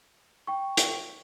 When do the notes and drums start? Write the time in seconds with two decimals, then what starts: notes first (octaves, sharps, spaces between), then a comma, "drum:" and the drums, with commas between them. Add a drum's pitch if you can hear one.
0.47 G5 C#6
0.77 drum: hi-hat